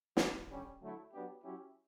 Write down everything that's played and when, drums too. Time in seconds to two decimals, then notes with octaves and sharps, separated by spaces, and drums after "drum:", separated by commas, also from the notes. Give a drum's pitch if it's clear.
0.17 F#3 A3 D4, drum: snare
0.48 D3 G3 C#4 G4
0.80 D3 F#3 A3 E4
1.11 F#3 B3 D4 G4
1.43 F#3 C#4 E4 G4